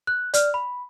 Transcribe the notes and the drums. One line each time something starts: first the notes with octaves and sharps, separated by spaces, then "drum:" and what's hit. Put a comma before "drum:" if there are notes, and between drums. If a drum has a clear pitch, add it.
F#6
D5 F6, drum: hi-hat
B5